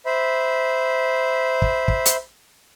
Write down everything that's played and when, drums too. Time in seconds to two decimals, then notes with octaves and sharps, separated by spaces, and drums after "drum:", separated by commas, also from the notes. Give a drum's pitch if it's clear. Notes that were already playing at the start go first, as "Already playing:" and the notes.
0.06 C5 E5 B5
1.62 drum: kick
1.88 drum: kick
2.05 drum: hi-hat